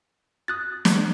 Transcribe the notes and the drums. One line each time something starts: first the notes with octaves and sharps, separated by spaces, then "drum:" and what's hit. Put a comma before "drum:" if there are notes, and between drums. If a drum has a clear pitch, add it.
D#6 F#6 A6
drum: snare